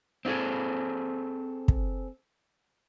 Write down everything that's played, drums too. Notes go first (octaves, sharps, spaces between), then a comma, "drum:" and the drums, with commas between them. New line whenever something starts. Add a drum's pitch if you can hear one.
C4 D#4 F4 G#4 A4
drum: kick